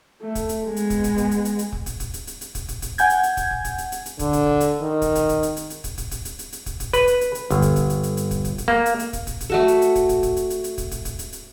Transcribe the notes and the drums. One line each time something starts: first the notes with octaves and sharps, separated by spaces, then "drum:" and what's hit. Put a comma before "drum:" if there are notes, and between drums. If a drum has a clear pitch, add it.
A3
drum: kick, hi-hat
drum: hi-hat
G#3 B3
drum: hi-hat
drum: kick, hi-hat
drum: kick, hi-hat
drum: kick, hi-hat
drum: hi-hat
drum: hi-hat
drum: hi-hat
drum: kick
drum: kick, hi-hat
drum: kick, hi-hat
drum: hi-hat
drum: hi-hat
drum: hi-hat
drum: kick, hi-hat
drum: kick, hi-hat
drum: kick, hi-hat
F#5 G#5 G6 G#6, drum: hi-hat
drum: hi-hat
drum: hi-hat
drum: kick, hi-hat
drum: kick
drum: kick, hi-hat
drum: hi-hat
drum: hi-hat
drum: hi-hat
D3, drum: kick, hi-hat
drum: kick, hi-hat
drum: kick
drum: hi-hat
D#3
drum: kick, hi-hat
drum: kick, hi-hat
drum: kick, hi-hat
drum: hi-hat
drum: hi-hat
drum: hi-hat
drum: kick, hi-hat
drum: kick, hi-hat
drum: kick, hi-hat
drum: hi-hat
drum: hi-hat
drum: hi-hat
drum: kick, hi-hat
drum: kick, hi-hat
B4, drum: kick, hi-hat
drum: hi-hat
drum: hi-hat
drum: hi-hat
G1, drum: kick, hi-hat
drum: kick, hi-hat
drum: kick, hi-hat
drum: hi-hat
drum: hi-hat
drum: hi-hat
drum: kick, hi-hat
drum: kick, hi-hat
drum: kick, hi-hat
A#3
drum: hi-hat
drum: hi-hat
drum: kick, hi-hat
drum: kick, hi-hat
drum: kick, hi-hat
A3 F#4 A4
drum: hi-hat
drum: hi-hat
drum: kick, hi-hat
drum: kick, hi-hat
drum: kick, hi-hat
drum: hi-hat
drum: hi-hat
drum: hi-hat
drum: kick, hi-hat
drum: kick, hi-hat
drum: kick, hi-hat
drum: hi-hat
drum: hi-hat